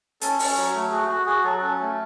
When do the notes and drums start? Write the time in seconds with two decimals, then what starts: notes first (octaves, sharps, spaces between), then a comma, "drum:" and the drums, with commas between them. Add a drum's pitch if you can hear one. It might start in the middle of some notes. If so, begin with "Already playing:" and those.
0.21 C#4 A4, drum: hi-hat
0.39 C#4, drum: open hi-hat
0.56 F#3
0.74 A3
0.91 F#4 G#4
1.08 F#4
1.26 F#4 G#4
1.44 F#3 A4
1.61 C#4 A4
1.79 A3